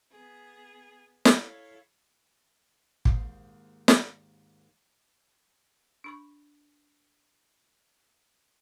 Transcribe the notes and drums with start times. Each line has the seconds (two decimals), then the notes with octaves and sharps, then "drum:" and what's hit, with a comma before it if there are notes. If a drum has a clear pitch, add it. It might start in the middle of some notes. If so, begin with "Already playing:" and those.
0.11 B3 G#4
1.25 drum: snare
1.39 E4 A4 C#5 F5
3.05 D#2 G#2 C5, drum: kick
3.88 drum: snare
6.04 D4 B5 C#6